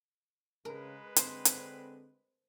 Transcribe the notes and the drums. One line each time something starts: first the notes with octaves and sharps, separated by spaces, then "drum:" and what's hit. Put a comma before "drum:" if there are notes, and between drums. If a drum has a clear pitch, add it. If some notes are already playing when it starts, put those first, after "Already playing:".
C#3 G#3 A#4 B4
D3 C4 C5, drum: hi-hat
drum: hi-hat